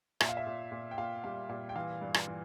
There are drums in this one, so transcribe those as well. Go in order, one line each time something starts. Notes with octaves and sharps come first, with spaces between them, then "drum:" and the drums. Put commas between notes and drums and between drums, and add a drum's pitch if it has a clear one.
A#2 E5, drum: rim click
F5
E5
A#2
A#2
G5
A#2 F5
G3 F5
A#2 F5
G5
E3 F5
G2
drum: rim click
E3